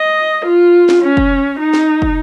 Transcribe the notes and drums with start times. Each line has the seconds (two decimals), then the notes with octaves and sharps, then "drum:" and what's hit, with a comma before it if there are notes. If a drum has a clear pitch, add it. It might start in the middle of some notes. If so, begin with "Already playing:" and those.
Already playing: D#5
0.46 F4
0.89 drum: snare
1.03 C#4
1.17 drum: kick
1.60 D#4
1.74 drum: snare
2.02 drum: kick